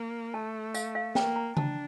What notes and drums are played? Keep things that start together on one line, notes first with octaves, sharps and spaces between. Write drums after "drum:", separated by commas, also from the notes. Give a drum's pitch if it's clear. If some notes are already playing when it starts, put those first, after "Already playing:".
Already playing: A#3
A3 A5
F5, drum: tambourine
F5
A#3 G5, drum: snare
A#5
D4 A5, drum: tom C#3